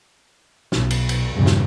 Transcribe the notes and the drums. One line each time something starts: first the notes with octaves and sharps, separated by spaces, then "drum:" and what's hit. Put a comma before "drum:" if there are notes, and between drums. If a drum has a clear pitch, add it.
B1, drum: snare
drum: cymbal
drum: cymbal
E2 G2 A#2 C#3
drum: snare